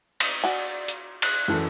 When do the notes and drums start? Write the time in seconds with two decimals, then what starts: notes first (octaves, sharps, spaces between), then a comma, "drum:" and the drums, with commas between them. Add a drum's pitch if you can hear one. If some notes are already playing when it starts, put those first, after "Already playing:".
0.20 drum: cymbal
0.44 F#4 D5 G#5
0.88 drum: hi-hat
1.22 F#6, drum: cymbal
1.48 F#2 E3 A4